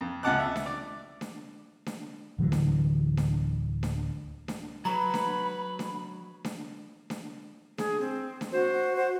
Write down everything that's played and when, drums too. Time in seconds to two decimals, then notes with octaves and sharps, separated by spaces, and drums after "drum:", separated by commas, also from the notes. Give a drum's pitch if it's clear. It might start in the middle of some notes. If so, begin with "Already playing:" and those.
0.01 F2
0.23 C#2 C3 F#5 A5 D6 F#6
0.39 E5
0.56 drum: snare D4
0.66 D5
1.21 drum: snare D4
1.86 drum: snare D4
2.38 D1 D3 E3 F#3
2.52 drum: snare D4
3.17 drum: snare D4
3.83 drum: snare D4
4.48 drum: snare D4
4.85 F#3 B4 A#5 B5
5.14 drum: snare D4
5.79 drum: snare D4
6.45 drum: snare D4
7.10 drum: snare D4
7.78 G#4, drum: snare D4
8.00 C4
8.41 drum: snare D4
8.52 F#4 C5
8.96 C5